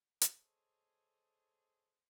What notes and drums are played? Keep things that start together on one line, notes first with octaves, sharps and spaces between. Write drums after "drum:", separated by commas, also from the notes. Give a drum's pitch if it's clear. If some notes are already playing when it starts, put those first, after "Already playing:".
G#4 A4 C5 C#5 D#5, drum: hi-hat